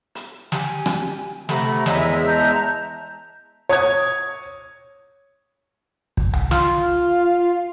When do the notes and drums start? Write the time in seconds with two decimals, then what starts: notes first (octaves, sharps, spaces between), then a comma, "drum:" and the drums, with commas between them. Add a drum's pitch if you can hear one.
0.15 drum: hi-hat
0.52 G4 G#5, drum: snare
0.86 drum: rim click
1.49 C3 A3 F#5 A#5 B5, drum: snare
1.86 E2 G#3 C#5 E5 G#5 A#5, drum: snare
2.25 A5 A#5 G6
3.69 C#5 D#6 G#6
6.17 drum: kick
6.33 drum: tom C2
6.51 F4, drum: snare